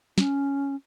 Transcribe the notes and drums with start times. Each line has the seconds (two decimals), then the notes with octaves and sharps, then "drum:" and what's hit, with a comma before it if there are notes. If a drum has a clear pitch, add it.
0.18 C#4, drum: snare